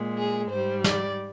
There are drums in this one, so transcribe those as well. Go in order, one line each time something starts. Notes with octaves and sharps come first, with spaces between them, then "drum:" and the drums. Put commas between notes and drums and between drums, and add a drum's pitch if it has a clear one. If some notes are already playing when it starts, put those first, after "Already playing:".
Already playing: A#2 G#3
G#4
G#2 G3 C5
D5, drum: snare